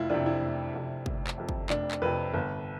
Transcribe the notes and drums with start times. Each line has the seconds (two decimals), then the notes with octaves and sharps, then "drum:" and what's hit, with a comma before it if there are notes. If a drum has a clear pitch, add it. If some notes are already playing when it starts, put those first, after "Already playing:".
Already playing: F1 E4 F4
0.10 F2 C3 D4
0.26 E4
0.41 F1
0.74 F2 C3
1.06 F1, drum: kick
1.27 drum: clap
1.38 F2 C3
1.49 drum: kick
1.70 F1 D4, drum: clap
1.91 drum: clap
2.02 F2 C3 B4
2.34 G1